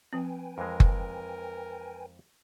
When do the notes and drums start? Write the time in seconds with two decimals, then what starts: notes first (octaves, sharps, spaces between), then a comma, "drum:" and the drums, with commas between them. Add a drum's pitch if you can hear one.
0.13 F3 C4 B4 G5 G#5
0.58 F2 E3 G#3 A#4
0.80 drum: kick F#1